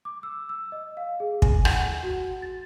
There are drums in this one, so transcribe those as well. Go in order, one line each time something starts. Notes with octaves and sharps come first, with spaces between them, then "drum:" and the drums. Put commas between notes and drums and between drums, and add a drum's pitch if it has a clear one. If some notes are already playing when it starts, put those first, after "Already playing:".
D6
E6
E6
D#5
F5
G#4
G#5, drum: kick
F#5, drum: rim click
F#4
A6